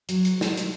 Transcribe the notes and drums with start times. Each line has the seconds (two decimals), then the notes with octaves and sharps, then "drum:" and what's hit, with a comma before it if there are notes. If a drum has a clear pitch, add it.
0.09 F#3, drum: hi-hat
0.25 drum: hi-hat
0.41 drum: snare
0.57 drum: hi-hat